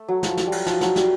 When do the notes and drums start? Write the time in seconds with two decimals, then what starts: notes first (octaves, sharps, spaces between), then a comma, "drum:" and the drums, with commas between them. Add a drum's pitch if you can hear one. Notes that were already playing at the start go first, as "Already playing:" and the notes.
Already playing: A3
0.08 F#3
0.23 F3, drum: snare
0.37 drum: snare
0.47 G3
0.52 F#3, drum: cymbal
0.66 F3, drum: snare
0.81 F#3, drum: snare
0.96 G3, drum: snare